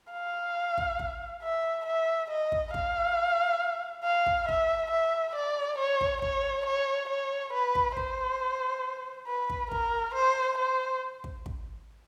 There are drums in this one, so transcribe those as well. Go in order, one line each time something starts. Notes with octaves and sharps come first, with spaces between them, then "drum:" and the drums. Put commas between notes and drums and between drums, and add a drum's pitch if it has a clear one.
F5
drum: kick
drum: kick
E5
E5
D#5
drum: kick
F5, drum: kick
F5
drum: kick
E5, drum: kick
E5
D5
C#5
drum: kick
C#5, drum: kick
C#5
C#5
B4
drum: kick
C5, drum: kick
B4
drum: kick
A#4, drum: kick
C5
C5
drum: kick
drum: kick